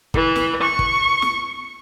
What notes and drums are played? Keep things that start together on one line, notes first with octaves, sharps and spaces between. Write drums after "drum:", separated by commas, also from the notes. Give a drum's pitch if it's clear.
E3, drum: kick
drum: snare
C#6
drum: kick
drum: snare